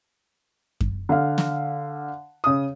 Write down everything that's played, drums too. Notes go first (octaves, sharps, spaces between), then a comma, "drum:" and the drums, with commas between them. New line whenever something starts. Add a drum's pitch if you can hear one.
drum: kick F#2
D3 F5
drum: snare
C#3 D#6